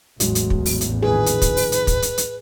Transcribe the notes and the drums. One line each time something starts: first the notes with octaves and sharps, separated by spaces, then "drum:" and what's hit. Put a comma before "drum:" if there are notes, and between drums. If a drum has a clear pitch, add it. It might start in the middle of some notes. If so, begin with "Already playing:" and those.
A1 E2 F#3 G#3, drum: hi-hat
drum: hi-hat
drum: kick
drum: open hi-hat
drum: hi-hat
A#1 D#3 G#4 B4
drum: hi-hat
drum: kick, hi-hat
drum: open hi-hat
drum: hi-hat
drum: kick, hi-hat
drum: hi-hat
drum: hi-hat